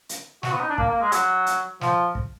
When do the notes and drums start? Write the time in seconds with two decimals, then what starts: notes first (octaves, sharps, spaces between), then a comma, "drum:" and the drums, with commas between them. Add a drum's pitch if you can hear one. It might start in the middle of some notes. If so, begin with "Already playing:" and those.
0.09 drum: hi-hat
0.43 F#4, drum: snare
0.52 B3
0.60 D#4
0.69 D4
0.78 A#3, drum: kick
0.89 A#3
1.01 G#3
1.12 F#3, drum: hi-hat
1.46 drum: hi-hat
1.81 F3, drum: snare
2.15 drum: kick